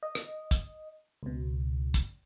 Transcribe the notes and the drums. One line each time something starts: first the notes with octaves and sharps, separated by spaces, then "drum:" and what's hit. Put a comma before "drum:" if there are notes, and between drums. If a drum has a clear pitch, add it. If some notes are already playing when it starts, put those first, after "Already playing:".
D#5
drum: rim click
drum: kick, hi-hat
C#2 B2
drum: kick, hi-hat